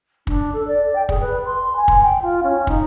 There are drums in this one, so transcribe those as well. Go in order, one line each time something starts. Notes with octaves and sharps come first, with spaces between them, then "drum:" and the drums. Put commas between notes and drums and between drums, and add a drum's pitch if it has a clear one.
D4, drum: kick
A4
D5
G5
G#4, drum: kick
B4
C6
G#5
drum: kick
G5
F4
C#4
D#4, drum: kick